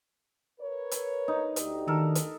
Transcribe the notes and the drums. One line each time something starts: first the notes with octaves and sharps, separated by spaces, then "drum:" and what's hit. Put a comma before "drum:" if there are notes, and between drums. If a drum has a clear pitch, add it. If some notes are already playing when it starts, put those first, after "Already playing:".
A#4 B4 C#5
drum: hi-hat
D#4
D2 G4 D5, drum: hi-hat
D#3 A4 A#4
drum: hi-hat